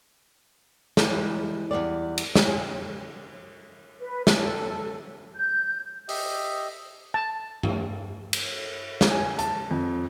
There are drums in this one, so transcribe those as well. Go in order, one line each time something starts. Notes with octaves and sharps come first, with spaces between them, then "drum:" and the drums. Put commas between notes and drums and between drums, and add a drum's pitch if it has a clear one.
E3 G3 G#3, drum: snare
E2 C3 G3 D5
drum: cymbal
drum: snare
G#4
B4
A4, drum: snare
G6
G4 D#5 E5, drum: open hi-hat
A5
drum: tom G2
drum: cymbal
drum: snare
G#5
A5, drum: hi-hat
F2